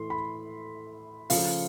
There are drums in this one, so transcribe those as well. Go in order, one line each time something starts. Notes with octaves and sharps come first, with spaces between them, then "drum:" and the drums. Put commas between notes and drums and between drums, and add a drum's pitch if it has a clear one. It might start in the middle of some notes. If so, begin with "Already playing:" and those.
Already playing: A2 E3 A3 C6
B5
C#3 F3 A3 F5, drum: open hi-hat